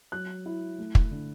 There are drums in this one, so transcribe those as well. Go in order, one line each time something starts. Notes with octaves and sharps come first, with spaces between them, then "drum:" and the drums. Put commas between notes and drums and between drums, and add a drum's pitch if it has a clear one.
F#3 F#6
E4
A3
drum: kick
D3